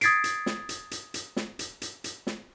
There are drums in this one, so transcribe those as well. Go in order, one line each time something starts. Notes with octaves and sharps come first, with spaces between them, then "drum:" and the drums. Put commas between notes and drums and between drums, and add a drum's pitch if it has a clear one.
D#6 G#6 A6 B6 C7 D7, drum: hi-hat
drum: hi-hat
drum: snare
drum: hi-hat
drum: hi-hat
drum: hi-hat
drum: snare
drum: hi-hat
drum: hi-hat
drum: hi-hat
drum: snare